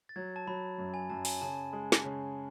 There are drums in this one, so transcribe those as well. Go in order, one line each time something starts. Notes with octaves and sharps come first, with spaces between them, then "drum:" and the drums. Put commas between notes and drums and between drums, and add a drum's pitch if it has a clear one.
A6
F#3 G#6
A5
F#3 B5
F#2
G#5
F#2 A5
G#5, drum: open hi-hat
C#3 A5
G#3
drum: snare
C#3